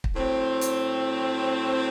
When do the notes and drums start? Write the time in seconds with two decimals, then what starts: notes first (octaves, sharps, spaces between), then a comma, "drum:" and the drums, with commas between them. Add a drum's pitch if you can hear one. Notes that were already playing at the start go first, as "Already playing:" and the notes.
0.04 drum: kick
0.15 A2 F#3 C4
0.61 drum: hi-hat